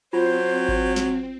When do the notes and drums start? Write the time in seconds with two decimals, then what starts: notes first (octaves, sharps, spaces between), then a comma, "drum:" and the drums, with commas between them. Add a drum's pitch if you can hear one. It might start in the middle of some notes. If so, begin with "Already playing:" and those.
0.13 F#3 C4 F4 C5
0.69 drum: kick G#1
0.96 drum: snare